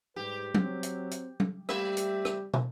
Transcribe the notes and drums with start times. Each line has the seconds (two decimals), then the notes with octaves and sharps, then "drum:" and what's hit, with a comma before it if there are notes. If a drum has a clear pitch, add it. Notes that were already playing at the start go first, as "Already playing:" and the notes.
0.16 G#2 G3 G4 B4
0.55 F#3 C4, drum: tom F#3
0.83 drum: hi-hat
1.11 drum: hi-hat
1.40 drum: tom F#3
1.69 G3 A3 C4 G4 E5, drum: rim click
1.97 drum: hi-hat
2.25 drum: rim click
2.54 drum: tom